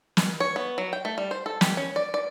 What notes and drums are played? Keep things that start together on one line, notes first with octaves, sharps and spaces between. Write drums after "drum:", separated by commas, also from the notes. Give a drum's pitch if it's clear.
drum: snare
C#5
B3
F#3
G5
A3
G3
C5
A4
G4, drum: snare
C#4
D5
D5